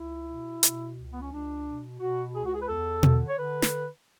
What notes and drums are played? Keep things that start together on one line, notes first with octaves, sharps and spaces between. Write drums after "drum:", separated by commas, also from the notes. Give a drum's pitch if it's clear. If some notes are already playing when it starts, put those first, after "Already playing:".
Already playing: C#2 E4
B2
B2, drum: hi-hat
C#2
B3
C#4
C#2 D4
B2
B2 F#4
C#2 G#4
F#4
G#4
B4
E2 A4
D3, drum: tom B2
C#5
D3 B4
drum: snare